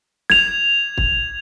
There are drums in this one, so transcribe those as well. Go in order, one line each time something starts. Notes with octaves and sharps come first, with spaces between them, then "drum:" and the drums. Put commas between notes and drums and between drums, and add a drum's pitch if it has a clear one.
G#6 F7, drum: snare
drum: kick